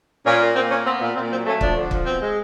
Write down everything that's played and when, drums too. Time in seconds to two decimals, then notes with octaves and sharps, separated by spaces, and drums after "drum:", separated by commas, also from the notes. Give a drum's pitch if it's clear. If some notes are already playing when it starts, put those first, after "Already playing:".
0.25 A#2 C#4
0.41 A#3
0.55 A#2 C4
0.71 A#3 C#4
0.85 B3 C4
1.01 A#2
1.15 A#2 C4
1.31 F#3 C4
1.46 A3 C#4
1.61 F3 D4, drum: kick
1.76 D3
1.91 F3, drum: kick
2.06 B2 C4
2.21 G#3